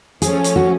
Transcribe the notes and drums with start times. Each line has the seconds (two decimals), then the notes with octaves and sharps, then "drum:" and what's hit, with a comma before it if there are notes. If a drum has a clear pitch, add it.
0.22 F3 A3 C#4 G#4, drum: hi-hat
0.44 drum: hi-hat
0.56 F#4